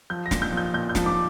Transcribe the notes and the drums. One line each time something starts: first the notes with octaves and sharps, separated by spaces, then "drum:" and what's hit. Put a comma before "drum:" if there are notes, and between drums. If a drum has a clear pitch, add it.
F3 G6
A#6
A#2, drum: snare
G6
F3 G6
A#2 G6
G6
F3, drum: snare
D6